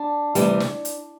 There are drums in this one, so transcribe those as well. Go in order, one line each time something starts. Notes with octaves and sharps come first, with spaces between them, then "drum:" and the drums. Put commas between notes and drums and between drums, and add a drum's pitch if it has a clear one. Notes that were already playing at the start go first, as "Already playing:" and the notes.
Already playing: D4
D2 C3 E3 G3, drum: hi-hat
drum: snare
drum: hi-hat